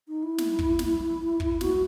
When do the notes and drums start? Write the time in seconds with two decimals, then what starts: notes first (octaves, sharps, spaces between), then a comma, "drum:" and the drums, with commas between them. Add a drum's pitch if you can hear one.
0.08 D#4
0.23 E4
0.38 drum: snare
0.59 drum: kick
0.79 drum: snare
1.40 drum: kick
1.61 F#4, drum: snare